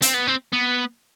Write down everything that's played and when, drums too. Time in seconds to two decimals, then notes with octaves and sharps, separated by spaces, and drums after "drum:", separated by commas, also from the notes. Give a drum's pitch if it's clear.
0.02 C4, drum: hi-hat
0.14 B3
0.27 C4
0.53 B3